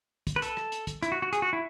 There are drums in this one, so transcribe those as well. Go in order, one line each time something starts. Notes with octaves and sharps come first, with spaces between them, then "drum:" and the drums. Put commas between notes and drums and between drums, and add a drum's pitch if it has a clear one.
drum: kick, hi-hat
B4
A4, drum: hi-hat
drum: rim click
drum: hi-hat
drum: kick, hi-hat
E4, drum: hi-hat
F#4
F#4
G#4, drum: hi-hat
F#4
E4